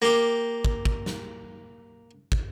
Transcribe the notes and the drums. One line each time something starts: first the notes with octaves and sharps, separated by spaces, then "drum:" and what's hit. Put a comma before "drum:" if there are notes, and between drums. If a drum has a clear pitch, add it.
A#3 G4
drum: kick
drum: kick
drum: snare
drum: kick